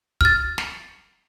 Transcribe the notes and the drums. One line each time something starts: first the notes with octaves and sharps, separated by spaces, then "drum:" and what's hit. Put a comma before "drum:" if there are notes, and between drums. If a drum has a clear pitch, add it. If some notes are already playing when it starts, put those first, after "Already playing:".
F6 A6, drum: kick
drum: snare